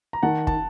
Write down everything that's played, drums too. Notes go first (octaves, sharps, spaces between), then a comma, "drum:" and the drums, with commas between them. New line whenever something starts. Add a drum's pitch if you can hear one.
A#5
D#3 F#5 A5
A5, drum: kick